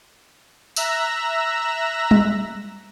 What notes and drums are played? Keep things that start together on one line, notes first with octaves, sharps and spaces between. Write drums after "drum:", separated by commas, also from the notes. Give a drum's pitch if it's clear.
E5 A#5 E6 F#6 A#6, drum: tambourine
drum: tom G3